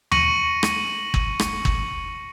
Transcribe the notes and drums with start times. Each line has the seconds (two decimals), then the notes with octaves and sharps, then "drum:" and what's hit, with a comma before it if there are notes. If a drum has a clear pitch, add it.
0.11 C#6 A#6 C#7 D#7 F#7, drum: tom D#2
0.63 drum: rim click
1.14 drum: kick
1.39 drum: rim click
1.65 drum: kick